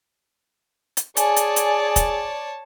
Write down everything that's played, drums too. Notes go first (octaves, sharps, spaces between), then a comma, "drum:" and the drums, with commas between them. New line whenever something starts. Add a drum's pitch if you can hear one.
drum: hi-hat
G#4 C#5 D5 G#5 A5, drum: hi-hat
drum: hi-hat
drum: hi-hat
drum: kick, hi-hat